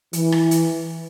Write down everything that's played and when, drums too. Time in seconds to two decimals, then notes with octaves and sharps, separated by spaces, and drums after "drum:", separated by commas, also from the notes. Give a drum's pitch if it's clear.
0.13 E3, drum: hi-hat
0.32 drum: rim click
0.51 drum: hi-hat